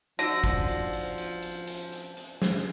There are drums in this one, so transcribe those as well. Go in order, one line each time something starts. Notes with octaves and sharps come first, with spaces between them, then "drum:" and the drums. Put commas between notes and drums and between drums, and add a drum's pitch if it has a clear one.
D3 F3 D#4 F#4 E6 A#6, drum: hi-hat
drum: kick, hi-hat
drum: hi-hat
drum: hi-hat
drum: hi-hat
drum: hi-hat
drum: hi-hat
drum: hi-hat
drum: hi-hat
drum: snare